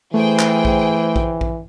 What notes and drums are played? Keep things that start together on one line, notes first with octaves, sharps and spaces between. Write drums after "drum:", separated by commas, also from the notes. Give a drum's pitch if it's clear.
E3 A3 G#4 C5 G5
drum: clap
drum: kick A#1
drum: kick A#1
drum: kick A#1